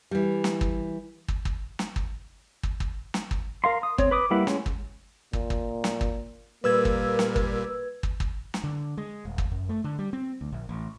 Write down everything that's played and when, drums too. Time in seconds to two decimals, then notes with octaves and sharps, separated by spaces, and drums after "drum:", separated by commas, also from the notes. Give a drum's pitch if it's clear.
0.11 E3 G3
0.44 drum: snare
0.61 drum: kick
1.28 drum: kick
1.45 drum: kick
1.79 drum: snare
1.96 drum: kick
2.63 drum: kick
2.80 drum: kick
3.14 drum: snare
3.31 drum: kick
3.64 A#4 F5 C6
3.83 D#6
3.98 C4 C#5, drum: kick
4.11 B4 D6 D#6
4.31 G3 A#3 E4 B4 F#5
4.47 G#3 C#4, drum: snare
4.66 drum: kick
5.33 A#2, drum: kick
5.50 drum: kick
5.84 drum: snare
6.01 drum: kick
6.64 A#2 G3 A#3 A#4 B4 E6 G#6
6.85 drum: kick
7.19 drum: snare
7.36 drum: kick
8.03 drum: kick
8.20 drum: kick
8.54 drum: snare
8.64 D3
8.98 G#3
9.25 D#1
9.38 drum: kick
9.51 F#2
9.69 A3
9.84 D3
9.99 G3
10.13 C4
10.41 D2
10.52 A#1
10.69 A1